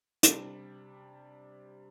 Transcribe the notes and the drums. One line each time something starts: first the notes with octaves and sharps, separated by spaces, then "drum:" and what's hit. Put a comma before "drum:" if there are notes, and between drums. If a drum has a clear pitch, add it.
C3 G3 D4, drum: hi-hat